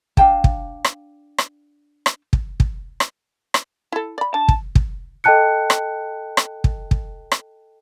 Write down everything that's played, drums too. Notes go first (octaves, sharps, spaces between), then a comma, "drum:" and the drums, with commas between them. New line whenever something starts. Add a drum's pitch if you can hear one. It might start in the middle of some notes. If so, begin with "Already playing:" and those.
D4 F5 G5 A5, drum: kick
drum: kick
drum: rim click
drum: rim click
drum: rim click
drum: kick
drum: kick
drum: rim click
drum: rim click
E4 A4
D5 B5
D4 A5
drum: kick
drum: kick
A4 D#5 G5 A5 F#6 C#7
drum: rim click
drum: rim click
drum: kick
drum: kick
drum: rim click